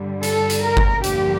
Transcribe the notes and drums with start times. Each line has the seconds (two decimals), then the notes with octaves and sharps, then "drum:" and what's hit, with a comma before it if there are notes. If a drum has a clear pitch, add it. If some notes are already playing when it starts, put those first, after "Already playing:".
Already playing: G2 D3 G3
0.23 A4, drum: hi-hat
0.50 drum: hi-hat
0.63 A#4
0.77 drum: kick G1
1.04 G2 D3 F3 A#3 G4, drum: hi-hat